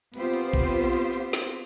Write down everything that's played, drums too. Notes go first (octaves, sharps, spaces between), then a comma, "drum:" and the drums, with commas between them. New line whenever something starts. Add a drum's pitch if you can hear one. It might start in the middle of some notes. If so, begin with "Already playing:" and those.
B3 C4 F4 G4 C5, drum: hi-hat
drum: hi-hat
drum: kick A#1, hi-hat
drum: open hi-hat
drum: hi-hat
drum: hi-hat
drum: snare